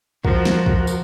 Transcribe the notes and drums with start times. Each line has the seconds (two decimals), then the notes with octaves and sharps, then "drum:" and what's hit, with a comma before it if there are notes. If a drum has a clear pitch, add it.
0.25 F3 F#4 A#4, drum: kick
0.45 drum: snare
0.66 drum: kick
0.87 drum: tambourine